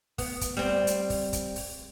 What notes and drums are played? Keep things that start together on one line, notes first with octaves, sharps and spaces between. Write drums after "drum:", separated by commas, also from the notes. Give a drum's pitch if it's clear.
B3, drum: kick, open hi-hat
drum: kick, hi-hat
G3 C4
drum: hi-hat
drum: kick, open hi-hat
drum: kick, hi-hat
drum: open hi-hat